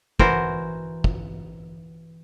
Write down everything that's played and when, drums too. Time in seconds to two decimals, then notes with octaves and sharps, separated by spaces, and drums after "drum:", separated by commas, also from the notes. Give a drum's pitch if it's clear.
0.19 E3 F#4 A#4 C5, drum: kick
1.04 drum: kick